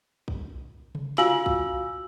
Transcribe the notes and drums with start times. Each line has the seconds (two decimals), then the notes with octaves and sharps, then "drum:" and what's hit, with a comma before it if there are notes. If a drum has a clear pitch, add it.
0.28 drum: kick A#1
0.95 drum: tom C3
1.18 F4 F#4 F5 G#5 E6 F#7, drum: snare
1.46 drum: kick A#1